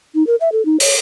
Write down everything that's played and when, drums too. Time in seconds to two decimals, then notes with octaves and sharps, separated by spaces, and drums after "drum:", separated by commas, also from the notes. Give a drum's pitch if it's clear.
0.15 D#4
0.27 A#4
0.41 E5
0.52 A4
0.65 D#4
0.80 C#5, drum: open hi-hat